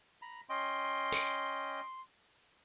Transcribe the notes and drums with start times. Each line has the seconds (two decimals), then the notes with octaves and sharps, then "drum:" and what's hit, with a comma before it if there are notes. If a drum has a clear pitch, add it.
0.22 A#5 B5
0.49 C#4 D#5 G5 C6
1.12 drum: tambourine